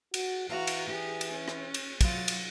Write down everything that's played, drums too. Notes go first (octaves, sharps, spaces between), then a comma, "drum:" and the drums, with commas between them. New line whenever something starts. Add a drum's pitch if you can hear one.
F#4, drum: cymbal
E3 F#4 F5 A#5
drum: cymbal
G4 G#4
drum: cymbal
C#4
drum: rim click
drum: cymbal
F#3 F4 A6, drum: kick, cymbal
drum: cymbal